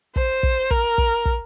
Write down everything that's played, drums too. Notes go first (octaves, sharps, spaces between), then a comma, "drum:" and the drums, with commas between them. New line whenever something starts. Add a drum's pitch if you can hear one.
C5, drum: kick
drum: kick
A#4, drum: kick
drum: kick
drum: kick